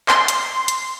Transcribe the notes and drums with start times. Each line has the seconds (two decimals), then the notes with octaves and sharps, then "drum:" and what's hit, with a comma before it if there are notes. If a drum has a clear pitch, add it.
0.08 C6, drum: clap
0.28 drum: hi-hat
0.68 drum: hi-hat